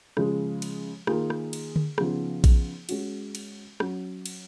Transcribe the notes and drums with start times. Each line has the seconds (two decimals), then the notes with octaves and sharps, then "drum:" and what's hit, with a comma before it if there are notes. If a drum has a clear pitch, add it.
0.17 C#3 F3 G#3, drum: rim click
0.62 drum: cymbal
1.07 D#3 A#3 F4 G#4, drum: rim click
1.30 drum: rim click
1.53 drum: cymbal
1.76 drum: tom D3
1.98 C#3 F3 B3 D#4 G#4, drum: rim click
2.44 drum: kick A#1, cymbal
2.89 G#3 C#4 F#4, drum: cymbal
3.35 drum: cymbal
3.80 F#3 C#4 F#4, drum: rim click
4.26 drum: cymbal